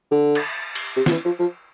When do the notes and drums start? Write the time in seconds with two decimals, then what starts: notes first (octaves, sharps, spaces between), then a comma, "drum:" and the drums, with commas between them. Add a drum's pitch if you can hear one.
0.11 D3
0.35 drum: cymbal
0.75 drum: cymbal
0.96 C3
1.06 F3, drum: snare
1.11 E3
1.25 F3
1.39 F3